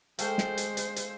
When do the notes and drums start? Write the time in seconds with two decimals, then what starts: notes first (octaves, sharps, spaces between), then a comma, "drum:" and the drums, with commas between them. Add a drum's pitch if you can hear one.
0.19 G#3 A3 C5 F5 G5, drum: hi-hat
0.38 drum: snare
0.57 drum: hi-hat
0.77 drum: hi-hat
0.96 drum: hi-hat